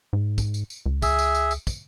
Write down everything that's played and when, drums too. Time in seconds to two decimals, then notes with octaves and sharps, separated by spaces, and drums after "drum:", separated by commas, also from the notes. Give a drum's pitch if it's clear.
0.13 G#2
0.38 drum: kick, tambourine
0.54 drum: tambourine
0.70 drum: tambourine
0.86 C#2
1.02 G#4 E5, drum: kick, tambourine
1.18 drum: tambourine
1.35 drum: tambourine
1.51 drum: tambourine
1.67 drum: kick, tambourine